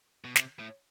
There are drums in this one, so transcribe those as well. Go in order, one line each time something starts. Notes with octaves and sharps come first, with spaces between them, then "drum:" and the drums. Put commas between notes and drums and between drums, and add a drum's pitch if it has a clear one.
B2
C3, drum: snare
A2